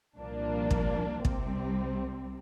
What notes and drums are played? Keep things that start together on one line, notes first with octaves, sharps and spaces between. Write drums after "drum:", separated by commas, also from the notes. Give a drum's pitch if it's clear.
C2 A#2 F3 A#3 D4
drum: kick
C2 C3 G3 C4, drum: kick